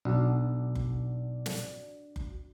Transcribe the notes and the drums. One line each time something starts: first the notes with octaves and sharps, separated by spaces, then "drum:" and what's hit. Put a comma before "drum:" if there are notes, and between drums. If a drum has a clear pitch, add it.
B1 D4 F#4 D5
drum: kick F#1
drum: snare
drum: kick F#1